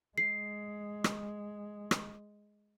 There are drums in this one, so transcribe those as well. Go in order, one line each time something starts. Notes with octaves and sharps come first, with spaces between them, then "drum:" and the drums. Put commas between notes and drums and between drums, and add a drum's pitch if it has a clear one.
G#3 C7
drum: rim click
drum: rim click